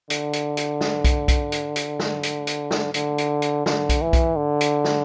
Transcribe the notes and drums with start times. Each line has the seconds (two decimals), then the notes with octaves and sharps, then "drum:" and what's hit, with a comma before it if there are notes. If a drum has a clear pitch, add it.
0.10 D3, drum: hi-hat
0.33 drum: hi-hat
0.57 drum: hi-hat
0.81 drum: snare
1.05 drum: kick B1, hi-hat
1.28 drum: kick B1, hi-hat
1.52 drum: hi-hat
1.76 drum: hi-hat
1.99 drum: snare
2.23 drum: hi-hat
2.47 drum: hi-hat
2.71 drum: snare
2.94 D3, drum: hi-hat
3.18 drum: hi-hat
3.42 drum: hi-hat
3.66 D3, drum: snare
3.89 drum: kick B1, hi-hat
4.02 E3
4.13 drum: kick B1, hi-hat
4.36 D3
4.61 drum: hi-hat
4.84 drum: snare